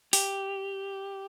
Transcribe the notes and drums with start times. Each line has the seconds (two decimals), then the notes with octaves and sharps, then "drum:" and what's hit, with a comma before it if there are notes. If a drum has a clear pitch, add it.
0.13 G4, drum: open hi-hat